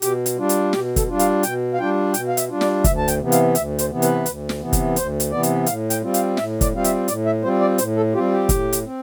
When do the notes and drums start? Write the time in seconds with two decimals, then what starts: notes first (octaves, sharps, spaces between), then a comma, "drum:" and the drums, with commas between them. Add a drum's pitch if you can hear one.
0.02 B2 G4, drum: hi-hat
0.26 drum: hi-hat
0.37 G3 D4 F4
0.49 drum: hi-hat
0.73 B2 G4, drum: snare
0.96 A4, drum: kick, hi-hat
1.08 G3 D4 F4
1.19 F5, drum: hi-hat
1.43 B2 G5, drum: hi-hat
1.74 F5
1.78 G3 D4 F4 G5
2.14 B2 G5, drum: hi-hat
2.28 F5
2.37 E5, drum: hi-hat
2.49 G3 D4 F4
2.61 D5, drum: snare
2.84 D2 E5, drum: kick, hi-hat
2.98 A5
3.08 G5, drum: hi-hat
3.19 C3 E3 B3
3.32 F5, drum: hi-hat
3.55 D2 E5, drum: hi-hat
3.79 C5, drum: hi-hat
3.90 C3 E3 B3
4.02 B4, drum: hi-hat
4.26 D2, drum: hi-hat
4.49 drum: snare
4.61 C3 E3 B3
4.73 drum: kick, hi-hat
4.96 D2 C5, drum: hi-hat
5.20 drum: hi-hat
5.31 C3 E3 B3 D5
5.43 drum: hi-hat
5.66 A2 F5, drum: hi-hat
5.90 G5, drum: hi-hat
6.02 G3 C4 F4
6.14 F5, drum: hi-hat
6.37 A2 E5, drum: snare
6.61 D5, drum: kick, hi-hat
6.72 G3 C4 F4 F5
6.84 E5, drum: hi-hat
7.08 A2 D5, drum: hi-hat
7.26 E5
7.43 G3 C4 F4 C5
7.61 D5
7.78 A2 C5, drum: hi-hat
7.96 A4
8.14 G3 C4 F4 G4
8.31 G4
8.49 A2, drum: kick, hi-hat
8.73 drum: hi-hat
8.84 C4